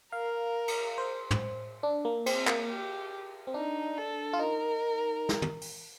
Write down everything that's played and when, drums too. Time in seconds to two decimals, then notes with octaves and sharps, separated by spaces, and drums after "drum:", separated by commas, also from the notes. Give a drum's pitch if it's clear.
0.12 A#4 F5
0.68 drum: cymbal
0.98 C5
1.31 drum: tom
1.83 D4
2.05 A#3
2.26 C4, drum: cymbal
2.47 A#3, drum: clap
2.69 G4
3.47 C4
3.54 D4 D#4
3.98 A4
4.33 F4
4.39 D#4 A#4
5.29 drum: snare
5.42 drum: tom
5.61 drum: open hi-hat